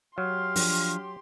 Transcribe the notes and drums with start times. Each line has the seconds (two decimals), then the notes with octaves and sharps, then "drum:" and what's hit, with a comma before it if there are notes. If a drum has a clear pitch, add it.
0.18 F#3 G4 F5 C6
0.56 F3 D4, drum: open hi-hat